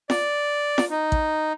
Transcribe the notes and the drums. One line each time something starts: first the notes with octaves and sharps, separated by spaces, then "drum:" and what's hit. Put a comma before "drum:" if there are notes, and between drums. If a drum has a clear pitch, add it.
D5, drum: snare
drum: snare
D#4
drum: kick A1